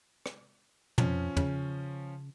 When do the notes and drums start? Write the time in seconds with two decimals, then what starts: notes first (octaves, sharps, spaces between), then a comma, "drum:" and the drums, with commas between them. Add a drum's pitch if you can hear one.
0.26 drum: rim click
0.98 F2 F3 C#4, drum: tom
1.36 C#3, drum: tom